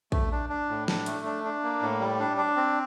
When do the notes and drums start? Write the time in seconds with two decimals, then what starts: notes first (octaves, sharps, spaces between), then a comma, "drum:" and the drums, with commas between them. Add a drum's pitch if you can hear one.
0.12 A3, drum: kick A#1
0.32 D4
0.50 D4
0.69 A2
0.88 D4, drum: snare
1.06 A3, drum: hi-hat
1.25 D4
1.44 D4
1.63 A#3
1.82 A2
2.00 G3
2.19 D4
2.37 D4
2.57 C4